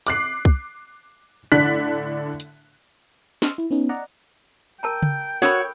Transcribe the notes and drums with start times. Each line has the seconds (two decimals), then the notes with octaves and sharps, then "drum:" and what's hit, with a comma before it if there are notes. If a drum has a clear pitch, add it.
0.07 D6 F#6 C7, drum: hi-hat
0.45 drum: kick
1.52 A2 D3 D4 F#6 B6
2.40 drum: hi-hat
3.42 D#5 C6 C#6 E6 F6, drum: snare
3.58 E4
3.71 B3 C#4 D#4
3.89 D5 D#5 F#5 A#5
4.83 A#4 G5 A5 A#5
5.02 drum: tom C#3
5.42 F#4 A4 A#4 C#5 B5, drum: snare